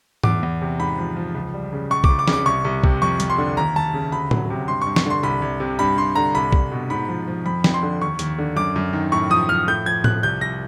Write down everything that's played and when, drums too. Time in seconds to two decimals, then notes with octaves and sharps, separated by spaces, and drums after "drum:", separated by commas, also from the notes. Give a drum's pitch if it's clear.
0.23 E2 D6, drum: tom G#2
0.43 E2
0.62 C3
0.80 G#2 B5
0.98 F3
1.16 F3
1.35 C#2
1.54 G3
1.73 C#3
1.91 C#2 C#6
2.04 C#2 D6, drum: kick B1
2.19 D6
2.28 C#3, drum: snare
2.33 D6
2.46 C2 C#6
2.65 C2
2.84 C3, drum: kick B1
3.02 F2 C#6
3.20 F2, drum: hi-hat
3.30 C6
3.38 D3
3.57 D#2 A#5
3.75 D#2 A5
3.94 C#3
4.12 D2 B5
4.31 F#3, drum: tom A2
4.50 C3
4.68 G2 C6
4.82 G2 C#6
4.96 C#6, drum: snare
5.06 D3 C6
5.23 C2 B5
5.42 C2
5.60 C3
5.79 G2 B5
5.97 G2 C6
6.15 D3 A#5
6.35 C2 B5
6.53 C2, drum: kick B1
6.72 B2
6.90 G#2 B5
7.09 F3
7.27 F3
7.46 F2 B5
7.64 F2, drum: snare
7.74 C6
7.83 D3
8.01 D#2 C#6
8.19 D#2, drum: hi-hat
8.38 D3
8.56 F#2 D6
8.76 F#2
8.93 D#3
9.12 A2 C#6
9.30 F3 D#6
9.49 F3 F6
9.68 A2 G6
9.86 F3 G#6
10.04 F3 F#6, drum: tom A2
10.23 C2 G6
10.41 C2 A#6